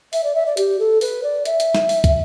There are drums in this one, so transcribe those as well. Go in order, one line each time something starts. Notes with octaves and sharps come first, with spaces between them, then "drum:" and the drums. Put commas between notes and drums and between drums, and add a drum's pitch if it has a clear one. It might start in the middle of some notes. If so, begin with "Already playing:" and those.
E5, drum: open hi-hat
D5
E5
D5
G4, drum: hi-hat
A4
B4, drum: open hi-hat
D5
E5, drum: hi-hat
drum: hi-hat
drum: snare
drum: open hi-hat
drum: kick, hi-hat